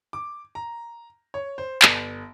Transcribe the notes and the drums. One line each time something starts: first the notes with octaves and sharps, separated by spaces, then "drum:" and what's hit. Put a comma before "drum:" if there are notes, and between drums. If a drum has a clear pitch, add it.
D6
A#5
C#5
C5
G1, drum: clap